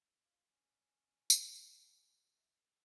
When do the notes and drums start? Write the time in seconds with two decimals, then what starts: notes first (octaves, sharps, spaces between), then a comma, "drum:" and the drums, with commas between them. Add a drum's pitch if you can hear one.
0.25 F4
0.50 C#4
1.30 drum: tambourine
2.36 C3
2.60 A5